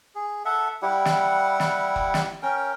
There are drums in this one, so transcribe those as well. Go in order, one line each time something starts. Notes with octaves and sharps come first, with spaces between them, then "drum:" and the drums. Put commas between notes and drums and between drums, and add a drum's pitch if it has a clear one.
G#4
A4 E5 F#5
G3 E4 G4 F#5
drum: snare
drum: snare
drum: kick F1
drum: snare
C#4 A#4 G5